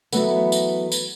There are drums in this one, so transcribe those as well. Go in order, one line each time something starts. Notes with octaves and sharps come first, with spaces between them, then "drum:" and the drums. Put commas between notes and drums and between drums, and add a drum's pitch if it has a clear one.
E3 F#3 A3 B3, drum: tambourine
drum: tambourine
drum: tambourine